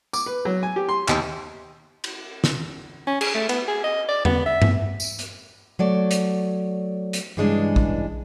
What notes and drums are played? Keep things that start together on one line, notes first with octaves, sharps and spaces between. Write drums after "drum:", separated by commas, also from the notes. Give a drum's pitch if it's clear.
D6, drum: tambourine
B4
F#3
G#5
G4
C6
D#2, drum: clap
drum: cymbal
drum: snare
C#4
G#4, drum: cymbal
A3
B3, drum: cymbal
G#4
D#5
D5
B3, drum: tom E2
E5
drum: tom G2
drum: tambourine
drum: hi-hat
F#3 A3 D5
drum: hi-hat
drum: hi-hat
G2 C#3 E3 G#3 B3 D4
drum: kick